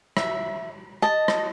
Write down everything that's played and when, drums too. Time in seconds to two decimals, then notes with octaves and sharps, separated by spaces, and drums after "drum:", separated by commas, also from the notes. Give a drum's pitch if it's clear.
0.17 E5, drum: rim click
1.02 D#5 A5
1.28 drum: rim click